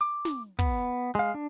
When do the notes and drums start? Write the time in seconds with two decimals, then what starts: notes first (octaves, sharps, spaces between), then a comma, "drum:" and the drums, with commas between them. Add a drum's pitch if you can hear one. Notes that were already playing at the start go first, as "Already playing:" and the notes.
0.01 D6
0.25 drum: snare
0.59 B3, drum: kick
1.15 G#3 F5
1.34 D4